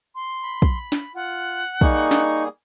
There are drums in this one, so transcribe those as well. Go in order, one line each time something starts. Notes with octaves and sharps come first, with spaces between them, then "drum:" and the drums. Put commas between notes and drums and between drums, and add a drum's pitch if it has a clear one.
C6
B5
drum: kick
drum: snare
F4 F#5
G3 A#3 D#4 G#4 C#6, drum: kick
drum: snare